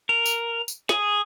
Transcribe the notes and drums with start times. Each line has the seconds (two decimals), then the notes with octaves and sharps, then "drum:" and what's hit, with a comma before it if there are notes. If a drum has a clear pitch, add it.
0.09 A#4
0.26 drum: tambourine
0.68 drum: tambourine
0.89 G#4, drum: snare